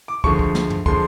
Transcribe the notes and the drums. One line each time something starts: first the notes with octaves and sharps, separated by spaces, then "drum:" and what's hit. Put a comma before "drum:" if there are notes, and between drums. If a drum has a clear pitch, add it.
D6
D2 D3 F3 G#3 C#6, drum: kick
drum: kick
drum: snare
drum: tom
D3 F3 G#3 C6, drum: kick